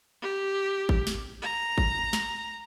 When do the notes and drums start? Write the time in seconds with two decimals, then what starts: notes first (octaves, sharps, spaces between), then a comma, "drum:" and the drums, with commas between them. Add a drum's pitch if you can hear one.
0.22 G4
0.89 drum: kick G#1
1.07 drum: snare
1.42 A#5
1.78 drum: kick G#1
2.13 drum: snare